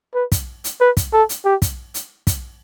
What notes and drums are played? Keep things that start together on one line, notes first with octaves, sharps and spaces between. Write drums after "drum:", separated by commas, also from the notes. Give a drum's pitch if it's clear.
B4
drum: kick, hi-hat
drum: hi-hat
B4
drum: kick, hi-hat
A4
drum: hi-hat
G4
drum: kick, hi-hat
drum: hi-hat
drum: kick, hi-hat